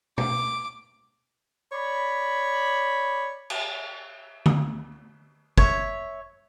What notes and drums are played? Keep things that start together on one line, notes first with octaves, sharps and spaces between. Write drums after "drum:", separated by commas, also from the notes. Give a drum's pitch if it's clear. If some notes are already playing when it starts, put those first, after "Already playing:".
D6, drum: tom
C#5 D5 B5
drum: cymbal
drum: tom D3
C#5 E5, drum: kick